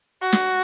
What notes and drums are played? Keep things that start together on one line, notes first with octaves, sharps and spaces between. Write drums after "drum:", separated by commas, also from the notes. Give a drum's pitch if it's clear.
F#4
drum: snare